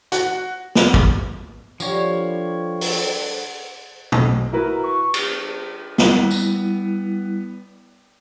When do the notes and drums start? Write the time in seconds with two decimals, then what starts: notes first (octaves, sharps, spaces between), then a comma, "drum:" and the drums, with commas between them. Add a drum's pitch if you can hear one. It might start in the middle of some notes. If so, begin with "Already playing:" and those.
0.12 F#4, drum: hi-hat
0.75 drum: snare
0.94 drum: kick
1.80 D3 F3 G3 B4 C#5, drum: tambourine
2.81 drum: open hi-hat
4.12 B1, drum: tom
4.53 E4 F#4 A#4 B4
4.83 C#6
5.14 drum: cymbal
5.98 G3 B3 E4, drum: snare
6.31 drum: tambourine